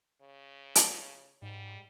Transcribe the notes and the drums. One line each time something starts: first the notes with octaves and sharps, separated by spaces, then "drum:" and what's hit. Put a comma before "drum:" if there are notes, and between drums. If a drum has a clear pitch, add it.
C#3
drum: hi-hat
G#2 G3